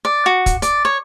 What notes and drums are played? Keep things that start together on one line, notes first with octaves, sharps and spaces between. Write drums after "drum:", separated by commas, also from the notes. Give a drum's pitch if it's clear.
D5
F#4
drum: kick, hi-hat
D5, drum: hi-hat
C#5